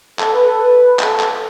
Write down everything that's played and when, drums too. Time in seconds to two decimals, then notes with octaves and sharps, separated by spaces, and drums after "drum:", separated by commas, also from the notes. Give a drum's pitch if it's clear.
0.19 A4, drum: clap
0.33 B4
0.46 A4
0.60 B4
0.99 A4, drum: clap
1.20 drum: clap